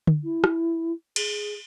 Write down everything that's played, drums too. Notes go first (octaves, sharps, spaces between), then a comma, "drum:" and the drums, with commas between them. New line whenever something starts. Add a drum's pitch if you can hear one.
drum: tom D3
E4
drum: rim click
G#4, drum: cymbal